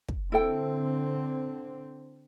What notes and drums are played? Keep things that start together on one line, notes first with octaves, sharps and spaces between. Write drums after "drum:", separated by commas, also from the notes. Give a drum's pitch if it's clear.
drum: kick
D3 C4 E4 A4 G5